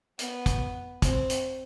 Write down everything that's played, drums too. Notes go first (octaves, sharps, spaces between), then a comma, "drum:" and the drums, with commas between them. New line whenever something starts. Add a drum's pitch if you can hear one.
B3, drum: hi-hat
drum: kick, hi-hat
C4, drum: kick, hi-hat
drum: hi-hat